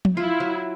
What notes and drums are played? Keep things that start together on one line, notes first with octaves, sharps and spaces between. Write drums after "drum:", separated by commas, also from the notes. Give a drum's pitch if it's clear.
drum: tom F3
E4 F4
F#3